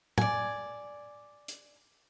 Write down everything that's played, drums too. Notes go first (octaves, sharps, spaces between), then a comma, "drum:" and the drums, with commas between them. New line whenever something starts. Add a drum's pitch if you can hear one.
D5 G#5, drum: tom
drum: hi-hat